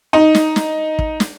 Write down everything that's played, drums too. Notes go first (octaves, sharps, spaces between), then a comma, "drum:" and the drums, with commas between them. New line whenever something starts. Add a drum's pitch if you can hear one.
D#4
drum: snare
drum: snare
drum: kick
drum: snare